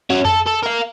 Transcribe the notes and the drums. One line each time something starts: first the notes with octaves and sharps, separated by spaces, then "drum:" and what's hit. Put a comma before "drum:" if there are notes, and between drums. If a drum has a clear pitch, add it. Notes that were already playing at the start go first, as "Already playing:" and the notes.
C#4 F#4
A4, drum: tom F2
A4
A#4 F5